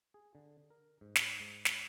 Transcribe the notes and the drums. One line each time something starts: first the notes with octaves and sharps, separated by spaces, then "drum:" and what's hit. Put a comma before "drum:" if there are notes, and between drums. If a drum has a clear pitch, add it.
G#4
D3
A#4
G#2
drum: snare
G#2
drum: snare